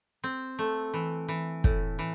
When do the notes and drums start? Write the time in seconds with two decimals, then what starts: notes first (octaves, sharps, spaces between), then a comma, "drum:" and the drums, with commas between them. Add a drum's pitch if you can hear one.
0.24 C4
0.59 A3
0.94 E3
1.28 E3
1.64 A2, drum: kick
1.99 E3